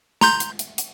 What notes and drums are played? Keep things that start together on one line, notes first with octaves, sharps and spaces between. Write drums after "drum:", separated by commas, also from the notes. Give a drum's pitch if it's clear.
A#5 C6 G6, drum: snare
drum: hi-hat
drum: hi-hat
drum: hi-hat